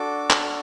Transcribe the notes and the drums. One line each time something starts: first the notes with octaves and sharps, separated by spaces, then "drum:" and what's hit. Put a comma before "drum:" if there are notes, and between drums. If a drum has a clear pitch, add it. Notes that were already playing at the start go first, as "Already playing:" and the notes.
Already playing: D4 F#4 A4 D6
F6, drum: clap
F6